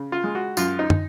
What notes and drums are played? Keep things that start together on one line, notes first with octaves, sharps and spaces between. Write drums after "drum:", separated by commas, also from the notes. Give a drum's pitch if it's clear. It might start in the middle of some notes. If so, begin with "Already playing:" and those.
Already playing: C#3
F4
G#3
F#4
F#2 F4, drum: tambourine
D#4
drum: tom